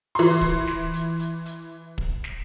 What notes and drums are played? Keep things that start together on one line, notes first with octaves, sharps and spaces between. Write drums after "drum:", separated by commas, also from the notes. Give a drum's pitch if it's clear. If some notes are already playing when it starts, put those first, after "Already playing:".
E3 C6, drum: hi-hat
drum: kick, hi-hat
drum: snare
drum: hi-hat
drum: hi-hat
drum: hi-hat
drum: kick
drum: snare